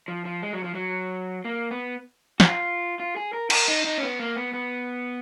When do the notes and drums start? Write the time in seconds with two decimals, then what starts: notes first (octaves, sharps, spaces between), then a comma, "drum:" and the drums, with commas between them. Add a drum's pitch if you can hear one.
0.08 F3
0.25 F3
0.42 G#3
0.53 F#3
0.64 F3
0.75 F#3
1.45 A#3
1.71 B3
2.40 F#4, drum: snare
2.48 F4
3.00 F4
3.16 G#4
3.33 A#4
3.50 A#4, drum: cymbal
3.68 D#4
3.84 D#4
3.98 C#4
4.03 B3
4.19 A#3
4.36 B3
4.53 B3